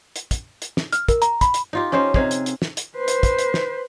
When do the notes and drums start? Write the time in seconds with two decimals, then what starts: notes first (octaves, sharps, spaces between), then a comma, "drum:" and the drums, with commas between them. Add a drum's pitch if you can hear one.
0.16 drum: hi-hat
0.31 drum: kick, hi-hat
0.62 drum: hi-hat
0.77 drum: snare
0.93 F6, drum: hi-hat
1.08 A#4, drum: kick, hi-hat
1.22 A#5, drum: hi-hat
1.41 B5, drum: kick, hi-hat
1.54 drum: hi-hat
1.73 D#4 F4 G4
1.92 C#4 D#4 G4 C5
2.14 C3 D#4 G#4 F5, drum: kick
2.31 drum: hi-hat
2.46 drum: hi-hat
2.62 drum: snare
2.77 drum: hi-hat
2.96 B4 C5
3.08 drum: hi-hat
3.23 drum: kick, hi-hat
3.39 drum: hi-hat
3.54 drum: snare